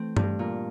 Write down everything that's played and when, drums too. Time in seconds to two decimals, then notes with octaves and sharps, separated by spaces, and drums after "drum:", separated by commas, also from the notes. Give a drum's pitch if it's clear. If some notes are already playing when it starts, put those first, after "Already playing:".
Already playing: E3 A3 C4
0.17 G2, drum: tom G2
0.39 A#2